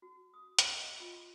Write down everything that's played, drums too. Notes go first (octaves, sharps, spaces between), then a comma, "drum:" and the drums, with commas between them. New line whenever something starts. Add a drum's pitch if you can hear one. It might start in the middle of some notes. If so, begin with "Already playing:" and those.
F#4
D#6
F5, drum: hi-hat
D#5
F4
C6